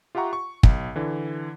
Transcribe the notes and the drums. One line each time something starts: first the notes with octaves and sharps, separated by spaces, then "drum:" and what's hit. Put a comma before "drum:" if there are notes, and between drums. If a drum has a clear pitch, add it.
F4 G4 E5 F#5 A#5 C#6
C#6
B1, drum: kick
D3 E3